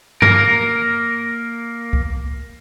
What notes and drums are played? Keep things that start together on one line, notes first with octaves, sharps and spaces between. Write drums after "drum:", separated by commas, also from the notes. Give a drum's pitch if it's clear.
A#3 A#4, drum: tom G2
drum: kick C2